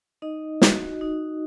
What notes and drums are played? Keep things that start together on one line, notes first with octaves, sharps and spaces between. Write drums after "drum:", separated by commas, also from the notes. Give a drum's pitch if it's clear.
D#4 D#5
F#4, drum: snare
D#4